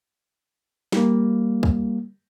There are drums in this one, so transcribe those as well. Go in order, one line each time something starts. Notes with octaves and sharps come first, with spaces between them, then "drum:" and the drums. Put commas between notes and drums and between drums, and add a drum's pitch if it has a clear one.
G3 A#3, drum: snare
drum: kick C#2